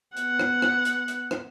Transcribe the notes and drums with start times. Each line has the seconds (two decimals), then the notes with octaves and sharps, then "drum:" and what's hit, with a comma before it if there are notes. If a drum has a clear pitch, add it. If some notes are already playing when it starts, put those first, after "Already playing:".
0.17 B3 F#5, drum: hi-hat
0.39 drum: rim click
0.62 drum: rim click
0.85 drum: hi-hat
1.08 drum: hi-hat
1.31 drum: rim click